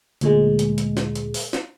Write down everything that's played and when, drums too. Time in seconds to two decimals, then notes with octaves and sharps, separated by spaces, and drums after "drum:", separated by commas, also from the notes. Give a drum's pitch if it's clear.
0.21 D2 A#2 G#3, drum: hi-hat
0.59 drum: hi-hat
0.78 drum: hi-hat
0.97 drum: snare
1.15 drum: hi-hat
1.34 drum: open hi-hat
1.53 drum: snare